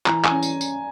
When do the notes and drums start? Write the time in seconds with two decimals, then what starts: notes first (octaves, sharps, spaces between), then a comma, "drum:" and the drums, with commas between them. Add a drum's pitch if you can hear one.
0.06 E3 A#5, drum: clap
0.24 G#5, drum: clap
0.30 C#4
0.43 drum: tambourine
0.61 drum: tambourine